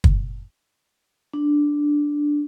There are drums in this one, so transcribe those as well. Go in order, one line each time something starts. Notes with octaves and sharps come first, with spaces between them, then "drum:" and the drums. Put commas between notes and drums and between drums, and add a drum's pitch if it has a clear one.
drum: kick
D4